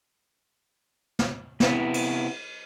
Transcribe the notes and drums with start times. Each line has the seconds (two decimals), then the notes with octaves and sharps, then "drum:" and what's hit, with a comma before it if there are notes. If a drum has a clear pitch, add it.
1.19 drum: snare
1.60 C3 B3 E4, drum: snare
1.94 drum: cymbal